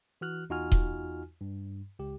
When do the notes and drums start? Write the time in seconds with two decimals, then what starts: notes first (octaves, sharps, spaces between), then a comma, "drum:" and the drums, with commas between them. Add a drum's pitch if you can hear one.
0.21 E3 F#4 F6 F#6
0.50 E2 D#4 F4 F#4 G#5 F6
0.72 drum: kick D#1
1.41 G2
1.99 C#2 G4